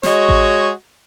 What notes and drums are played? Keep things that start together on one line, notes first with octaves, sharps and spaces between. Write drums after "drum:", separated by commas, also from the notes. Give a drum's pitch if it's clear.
G#3 F#4 C#5 D#5, drum: snare
drum: kick A1